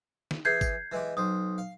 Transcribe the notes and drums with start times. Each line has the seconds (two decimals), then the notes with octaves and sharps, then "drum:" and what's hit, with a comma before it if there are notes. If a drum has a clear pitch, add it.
0.31 drum: snare
0.45 E3 G#4 G6 G#6 C7
0.61 drum: kick G#1, tambourine
0.92 E3 G#3 G4
1.17 B1 C5 D#6
1.58 F5